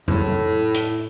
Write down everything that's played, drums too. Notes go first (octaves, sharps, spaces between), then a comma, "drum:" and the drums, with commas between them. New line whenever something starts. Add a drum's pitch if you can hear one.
A2, drum: tom F2
drum: hi-hat